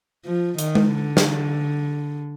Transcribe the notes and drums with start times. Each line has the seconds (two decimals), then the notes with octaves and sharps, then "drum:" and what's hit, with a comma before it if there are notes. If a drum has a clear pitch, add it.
0.25 F3
0.59 D#3, drum: hi-hat
0.75 drum: tom G#3
0.93 D3
1.17 drum: snare